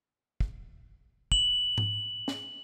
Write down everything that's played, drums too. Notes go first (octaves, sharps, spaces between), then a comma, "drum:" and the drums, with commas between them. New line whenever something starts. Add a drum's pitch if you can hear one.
drum: kick
F#7, drum: kick
drum: tom G#2
drum: snare